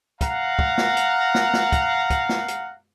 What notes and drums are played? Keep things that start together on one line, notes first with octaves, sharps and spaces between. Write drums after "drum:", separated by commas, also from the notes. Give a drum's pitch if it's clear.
F5 F#5 A#5, drum: kick, hi-hat
drum: kick
drum: snare
drum: hi-hat
drum: snare
drum: snare
drum: kick, hi-hat
drum: kick, hi-hat
drum: snare
drum: hi-hat